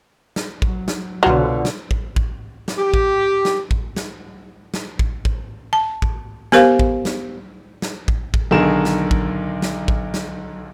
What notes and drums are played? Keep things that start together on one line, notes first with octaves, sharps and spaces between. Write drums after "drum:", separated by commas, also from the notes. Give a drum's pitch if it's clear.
drum: snare
F#3, drum: kick A1
drum: snare
C2 B2 D3 F#3 F4 C5
drum: snare
drum: kick A1
drum: kick A1
drum: snare
G4
drum: kick A1
drum: snare
drum: kick A1
drum: snare
drum: snare
drum: kick A1
drum: kick A1
A5
drum: kick A1
B3 G4 A#4 C5 F5, drum: snare
drum: kick A1
drum: snare
drum: snare
drum: kick A1
drum: kick A1
B1 D3 D#3 G#4 A#4 E7
drum: snare
drum: kick A1
drum: snare
drum: kick A1
drum: snare